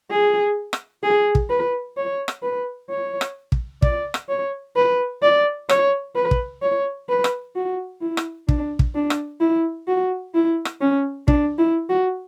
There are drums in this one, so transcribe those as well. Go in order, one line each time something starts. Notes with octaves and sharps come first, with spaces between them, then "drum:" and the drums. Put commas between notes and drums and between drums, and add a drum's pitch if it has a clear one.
G#4
drum: rim click
G#4
drum: kick
B4
C#5
drum: rim click
B4
C#5
drum: rim click
drum: kick
D5, drum: kick
drum: rim click
C#5
B4
D5
C#5, drum: rim click
B4
drum: kick
C#5
B4
drum: rim click
F#4
E4
drum: rim click
D4, drum: kick
drum: kick
D4
drum: rim click
E4
F#4
E4
drum: rim click
C#4
D4, drum: kick
E4
F#4